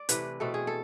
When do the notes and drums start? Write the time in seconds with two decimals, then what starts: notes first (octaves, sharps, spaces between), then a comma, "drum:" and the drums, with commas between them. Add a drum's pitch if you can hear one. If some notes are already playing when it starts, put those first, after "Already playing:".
Already playing: D5
0.09 C3 E3 A3 B4, drum: hi-hat
0.40 B2 A3 C4 A4
0.54 G#4
0.67 A4